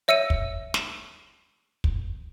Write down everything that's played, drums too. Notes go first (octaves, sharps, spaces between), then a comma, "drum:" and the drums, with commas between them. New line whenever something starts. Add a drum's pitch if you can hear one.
C#5 E5 E6 C#7 D#7
drum: kick
drum: snare
drum: kick